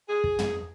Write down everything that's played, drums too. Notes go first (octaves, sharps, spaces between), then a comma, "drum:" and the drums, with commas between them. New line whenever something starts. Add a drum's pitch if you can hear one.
G#4
drum: kick
drum: tom